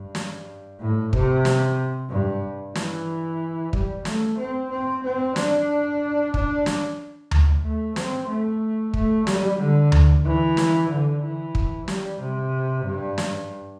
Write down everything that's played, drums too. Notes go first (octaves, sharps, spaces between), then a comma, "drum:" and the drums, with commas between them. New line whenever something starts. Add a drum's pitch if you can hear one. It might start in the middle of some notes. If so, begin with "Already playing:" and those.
Already playing: G2
drum: snare
A2
C3, drum: kick
drum: snare
G2
E3, drum: snare
G3, drum: kick
A3, drum: snare
C4
C4
C4
D4, drum: snare
D4, drum: kick
drum: snare
drum: tom D2
A3
C4, drum: snare
A3
A3, drum: kick
G3, drum: snare
D3
drum: tom D2
E3
drum: snare
D3
E3
drum: kick
G3, drum: snare
C3
G2
drum: snare